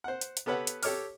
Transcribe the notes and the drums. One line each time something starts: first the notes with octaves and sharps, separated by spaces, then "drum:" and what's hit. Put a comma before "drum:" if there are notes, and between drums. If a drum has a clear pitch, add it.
C5 F#5
drum: hi-hat
drum: hi-hat
B3 G4 A4 B4 C#5 F#5
drum: hi-hat
G4 A4 C#5 D6 F6, drum: open hi-hat